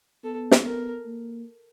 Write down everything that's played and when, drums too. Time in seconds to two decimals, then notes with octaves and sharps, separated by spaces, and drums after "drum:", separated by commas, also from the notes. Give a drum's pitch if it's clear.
0.24 B3 A4
0.51 drum: snare
0.66 A#4
1.06 A#3